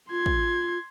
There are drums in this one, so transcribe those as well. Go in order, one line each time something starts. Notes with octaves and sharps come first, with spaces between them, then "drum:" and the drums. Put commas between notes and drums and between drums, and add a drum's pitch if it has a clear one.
F4 C6 G#6
drum: kick